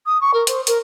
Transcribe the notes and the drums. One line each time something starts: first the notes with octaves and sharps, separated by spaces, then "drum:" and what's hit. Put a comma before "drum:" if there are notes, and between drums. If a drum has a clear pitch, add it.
D#6
C#6
A#4
C5, drum: hi-hat
A#4, drum: hi-hat